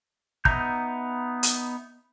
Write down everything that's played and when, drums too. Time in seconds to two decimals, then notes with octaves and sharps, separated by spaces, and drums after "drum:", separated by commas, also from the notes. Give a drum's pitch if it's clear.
0.45 B3 D#4 E5 A#5 G6, drum: kick
1.43 drum: hi-hat